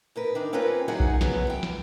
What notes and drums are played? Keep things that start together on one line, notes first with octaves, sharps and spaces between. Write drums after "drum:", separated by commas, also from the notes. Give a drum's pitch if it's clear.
G#2 A#4 B4
D#3 D4 D#4
C4 C#4 F4 A#4 B4 C#5
E2 F#3 D#4 F#4 G#4 F#5
drum: kick B1
C#3 F#3 B3 C#4, drum: snare
E3 G5
drum: snare